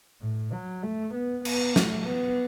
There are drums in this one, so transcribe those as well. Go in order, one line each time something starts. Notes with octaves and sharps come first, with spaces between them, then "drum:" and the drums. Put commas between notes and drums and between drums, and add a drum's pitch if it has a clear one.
A2
F#3
A3
B3
B3, drum: cymbal
A3, drum: snare
B3